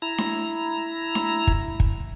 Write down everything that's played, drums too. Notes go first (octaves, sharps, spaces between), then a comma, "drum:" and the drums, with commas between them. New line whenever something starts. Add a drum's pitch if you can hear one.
E4 A#5
drum: snare D4
drum: snare D4
drum: kick
drum: kick